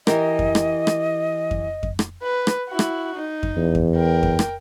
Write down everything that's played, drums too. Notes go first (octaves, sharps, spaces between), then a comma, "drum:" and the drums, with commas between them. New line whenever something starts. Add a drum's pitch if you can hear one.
E3 G4 A#4 D#5, drum: rim click
drum: kick F2
drum: rim click
drum: rim click
drum: kick F2
drum: kick F2
drum: rim click
B4
drum: rim click
E4 F#4
drum: rim click
D#4
drum: kick F2
E2
drum: kick F2
A#4 G5
drum: kick F2
drum: rim click